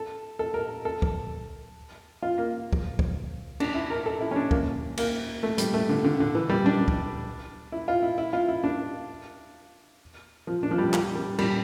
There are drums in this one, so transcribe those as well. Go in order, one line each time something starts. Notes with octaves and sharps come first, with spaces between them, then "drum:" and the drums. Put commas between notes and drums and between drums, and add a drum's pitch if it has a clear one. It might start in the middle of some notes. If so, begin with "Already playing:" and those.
Already playing: A4
A4
A#4
A4
drum: kick
F4
A#3
drum: kick
drum: kick
D4, drum: cymbal
E4
A#4
A4
E4
C#4
D4
A#3, drum: kick
A#3, drum: cymbal
A3
G3, drum: hi-hat
A3
D3
D3
D3
E3
G3
D4, drum: tom F#3
drum: kick
E4
F4
E4
E4
F4
E4
D4
F3
D4
F3
G3
F3
G3, drum: clap
G3
G3, drum: cymbal